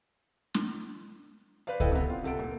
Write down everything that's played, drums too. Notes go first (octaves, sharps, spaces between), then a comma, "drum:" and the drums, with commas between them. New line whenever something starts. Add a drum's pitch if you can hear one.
drum: snare
B4 C5 D5 F5
E4 A4 B4 D#5 G5, drum: kick C#2
C3 B3
F4
C3 A4 F#5 D7
A#2